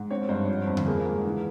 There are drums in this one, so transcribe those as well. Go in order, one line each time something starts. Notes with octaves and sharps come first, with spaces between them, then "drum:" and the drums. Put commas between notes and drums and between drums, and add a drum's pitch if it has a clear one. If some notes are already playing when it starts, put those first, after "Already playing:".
Already playing: G#2
C4 C#5
G2 C5
F3
F2
drum: tom C#3
A#3 G#4
G#2
E3